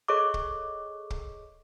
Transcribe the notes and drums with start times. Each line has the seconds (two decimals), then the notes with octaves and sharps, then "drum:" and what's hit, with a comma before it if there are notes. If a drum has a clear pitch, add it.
0.08 G#4 A4 C#5 D#5 C#6 D6
0.34 drum: kick
1.10 drum: kick